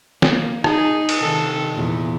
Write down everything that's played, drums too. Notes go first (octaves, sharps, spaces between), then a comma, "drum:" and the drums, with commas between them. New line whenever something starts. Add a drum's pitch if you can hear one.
A#3, drum: snare
D#4 G#4, drum: rim click
drum: cymbal
C3 D#3 A4
E2 A#2